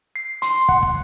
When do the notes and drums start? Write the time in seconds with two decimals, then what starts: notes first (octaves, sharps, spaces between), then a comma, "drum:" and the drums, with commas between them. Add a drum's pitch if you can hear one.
0.16 C7
0.42 C6, drum: hi-hat
0.69 F#5, drum: kick
0.83 drum: kick